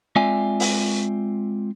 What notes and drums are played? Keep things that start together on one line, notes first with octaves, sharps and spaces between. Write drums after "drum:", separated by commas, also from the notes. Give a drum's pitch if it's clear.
G#3 C4 F4 D5 E5 G#5
drum: open hi-hat